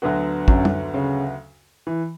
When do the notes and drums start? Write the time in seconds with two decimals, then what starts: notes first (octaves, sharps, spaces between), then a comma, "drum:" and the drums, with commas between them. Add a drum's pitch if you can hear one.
0.02 D2 D3 F#3 B3 F#4
0.48 F#2, drum: kick
0.65 drum: tom
0.94 C#3
1.87 E3